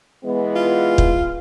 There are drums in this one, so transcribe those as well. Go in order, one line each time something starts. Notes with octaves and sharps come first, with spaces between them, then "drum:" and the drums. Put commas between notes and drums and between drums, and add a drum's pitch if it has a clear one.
E3 G#3 B3
F4
drum: kick